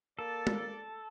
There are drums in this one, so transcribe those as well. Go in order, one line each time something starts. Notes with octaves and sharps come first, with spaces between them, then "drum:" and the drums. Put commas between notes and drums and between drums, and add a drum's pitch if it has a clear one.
A#3 A4 D5
drum: tom